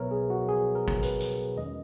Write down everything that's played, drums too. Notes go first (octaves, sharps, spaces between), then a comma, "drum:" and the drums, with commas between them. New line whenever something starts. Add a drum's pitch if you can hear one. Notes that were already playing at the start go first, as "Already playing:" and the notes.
Already playing: B1 B2 F#3 B3 A#4 B4 C#5 E5
G#4
F#4
G#4
A#4
drum: kick
B4, drum: hi-hat
drum: hi-hat
E2 D#3 G#3 C#4 D#5